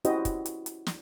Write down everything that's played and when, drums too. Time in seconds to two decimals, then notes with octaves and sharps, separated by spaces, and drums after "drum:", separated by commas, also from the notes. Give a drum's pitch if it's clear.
0.05 C#4 E4 F#4 G4 C5 D#5, drum: hi-hat
0.25 drum: kick, hi-hat
0.46 drum: hi-hat
0.66 drum: hi-hat
0.87 drum: snare